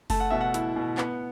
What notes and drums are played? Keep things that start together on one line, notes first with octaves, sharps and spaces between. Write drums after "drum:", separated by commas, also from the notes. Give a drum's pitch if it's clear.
A3 A5, drum: kick F#1, open hi-hat
F#5
B2 E5
F#5
E4, drum: hi-hat
B2
B3, drum: clap